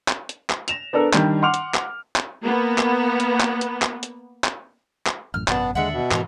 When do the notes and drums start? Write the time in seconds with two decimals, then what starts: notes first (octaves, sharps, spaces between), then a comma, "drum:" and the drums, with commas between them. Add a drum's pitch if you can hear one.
0.08 drum: clap
0.29 drum: hi-hat
0.50 drum: clap
0.68 A#6 E7 F7, drum: hi-hat
0.93 B3 D4 A4 A#4
1.14 D#3 G3 D4, drum: clap
1.42 F#5 C6 D6 F6 F7
1.54 drum: hi-hat
1.75 drum: clap
2.16 drum: clap
2.43 A#3 B3
2.78 drum: clap
3.20 drum: hi-hat
3.41 drum: clap
3.61 drum: hi-hat
3.82 drum: clap
4.03 drum: hi-hat
4.44 drum: clap
5.07 drum: clap
5.34 A1 F#2 A2 F6
5.48 G#1 F#2 B2 B3 D4 A5, drum: clap
5.75 D#2 D3 G#3 D4 E5 F#5
5.93 B2
6.12 G#2 E3 G#3 A4 A#4, drum: clap